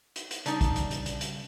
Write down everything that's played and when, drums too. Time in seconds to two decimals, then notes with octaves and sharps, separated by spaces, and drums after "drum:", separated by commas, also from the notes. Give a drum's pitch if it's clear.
0.16 drum: hi-hat
0.31 drum: hi-hat
0.46 C#3 G3 D4 D#4 D5, drum: hi-hat
0.61 drum: kick, hi-hat
0.76 drum: hi-hat
0.91 drum: hi-hat
1.06 drum: hi-hat
1.21 drum: hi-hat